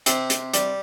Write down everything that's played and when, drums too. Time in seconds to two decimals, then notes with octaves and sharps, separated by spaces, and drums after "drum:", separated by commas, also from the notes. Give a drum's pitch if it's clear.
0.06 C3 C4, drum: hi-hat
0.30 drum: hi-hat
0.54 G3, drum: hi-hat